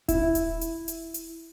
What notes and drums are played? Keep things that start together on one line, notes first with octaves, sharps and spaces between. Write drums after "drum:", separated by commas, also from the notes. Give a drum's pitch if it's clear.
E4, drum: kick D#1, hi-hat
drum: hi-hat
drum: hi-hat
drum: hi-hat
drum: hi-hat